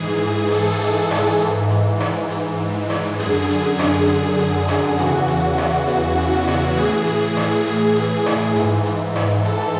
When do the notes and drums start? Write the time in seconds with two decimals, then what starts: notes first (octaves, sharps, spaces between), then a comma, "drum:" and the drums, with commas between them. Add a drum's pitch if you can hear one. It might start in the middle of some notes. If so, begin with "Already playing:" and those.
Already playing: G#2 E3 G#4
0.51 A4, drum: hi-hat
0.81 drum: hi-hat
1.11 drum: rim click
1.41 G#2 E3, drum: hi-hat
1.71 drum: hi-hat
2.00 drum: rim click
2.30 drum: hi-hat
2.90 drum: rim click
3.19 F#2 D3 G#4, drum: hi-hat
3.49 drum: hi-hat
3.79 drum: rim click
4.09 drum: hi-hat
4.39 drum: hi-hat
4.69 drum: rim click
4.99 E2 C#3 E3 F#4, drum: hi-hat
5.28 drum: hi-hat
5.58 drum: rim click
5.88 drum: hi-hat
6.18 drum: hi-hat
6.47 drum: rim click
6.77 A2 E3 G#4, drum: hi-hat
7.07 drum: hi-hat
7.37 drum: rim click
7.67 G#4, drum: hi-hat
7.96 drum: hi-hat
8.26 drum: rim click
8.56 G#2 E3, drum: hi-hat
8.86 drum: hi-hat
9.16 drum: rim click
9.45 A4, drum: hi-hat